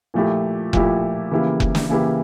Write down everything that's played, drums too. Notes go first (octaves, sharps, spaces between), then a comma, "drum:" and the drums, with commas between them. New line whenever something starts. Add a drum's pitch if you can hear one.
A#2 F3 A3 E4 G4
A#2 F3 A3 E4 G4, drum: kick F1
C#3 E3 A#3 E4 G4
drum: kick F1
drum: snare
C#3 E3 A#3 E4 G4